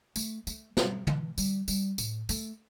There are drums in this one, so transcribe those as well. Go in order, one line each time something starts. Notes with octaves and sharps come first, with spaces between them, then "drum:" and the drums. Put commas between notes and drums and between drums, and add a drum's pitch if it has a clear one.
A3, drum: tambourine
A3, drum: tambourine
G3, drum: snare
E3, drum: tom
G3, drum: tambourine
G3, drum: tambourine
A2, drum: tambourine
A3, drum: tambourine